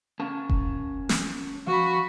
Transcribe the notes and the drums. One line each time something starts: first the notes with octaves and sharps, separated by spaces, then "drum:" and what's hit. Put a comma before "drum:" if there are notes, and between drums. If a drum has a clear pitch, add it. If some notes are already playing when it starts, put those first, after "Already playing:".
C#4 A#4 A5
drum: kick F1
drum: snare
F3 F#4 B5